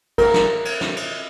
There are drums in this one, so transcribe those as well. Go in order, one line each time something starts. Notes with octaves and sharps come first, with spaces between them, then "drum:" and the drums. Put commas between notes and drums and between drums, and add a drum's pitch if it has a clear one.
A#4, drum: kick, cymbal
drum: snare
drum: cymbal
drum: snare
drum: cymbal